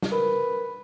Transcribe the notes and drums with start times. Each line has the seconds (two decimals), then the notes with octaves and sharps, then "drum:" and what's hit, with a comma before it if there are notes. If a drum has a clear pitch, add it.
0.02 drum: snare
0.12 A#4 B4